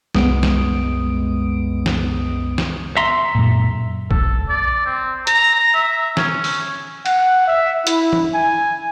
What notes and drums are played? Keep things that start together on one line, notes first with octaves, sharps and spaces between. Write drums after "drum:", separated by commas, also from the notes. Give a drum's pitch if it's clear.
C2 F#2 G#3 B3 D#6 D7, drum: snare
drum: snare
drum: snare
drum: snare
E5 A#5 C6
F#2 A#2
A4, drum: kick
D5
C4
A#5, drum: hi-hat
E5
C#4, drum: snare
drum: open hi-hat
F#5, drum: cymbal
E5
E4, drum: hi-hat
drum: tom
G#5